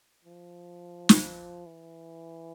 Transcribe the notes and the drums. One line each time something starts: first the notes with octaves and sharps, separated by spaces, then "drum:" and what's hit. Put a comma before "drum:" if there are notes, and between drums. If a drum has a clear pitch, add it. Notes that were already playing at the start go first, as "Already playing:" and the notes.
F3
drum: snare
E3